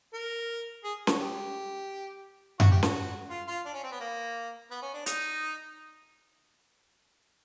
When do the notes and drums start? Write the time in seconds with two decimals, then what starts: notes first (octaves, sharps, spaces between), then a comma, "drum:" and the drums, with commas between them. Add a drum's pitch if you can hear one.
0.14 A#4
0.84 G#4
1.07 F#4, drum: snare C#4
1.19 G4
2.60 F#4, drum: tom F#2
2.71 G4
2.83 F#4, drum: snare C#4
3.30 F4
3.48 F4
3.65 D4
3.74 C#4
3.83 C4
3.91 B3
4.00 A#3
4.71 B3
4.82 C#4
4.94 D4
5.06 D#4, drum: hi-hat